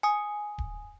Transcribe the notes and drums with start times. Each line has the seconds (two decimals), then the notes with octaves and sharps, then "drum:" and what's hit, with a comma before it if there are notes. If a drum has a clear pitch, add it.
0.03 G#5 D#6
0.58 drum: kick D1